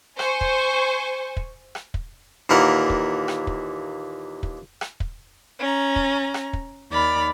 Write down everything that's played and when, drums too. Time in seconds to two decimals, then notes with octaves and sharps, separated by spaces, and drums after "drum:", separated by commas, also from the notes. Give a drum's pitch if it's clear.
0.19 C5 G#5 C#6, drum: rim click
0.41 drum: kick
1.37 drum: kick
1.75 drum: rim click
1.94 drum: kick
2.50 D#2 A#2 E3 A#4 F#5
2.90 drum: kick
3.28 drum: rim click
3.47 drum: kick
4.43 drum: kick
4.81 drum: rim click
5.00 drum: kick
5.59 C#4 A#5
5.96 drum: kick
6.34 drum: rim click
6.53 drum: kick
6.92 D#2 D5 B5 F6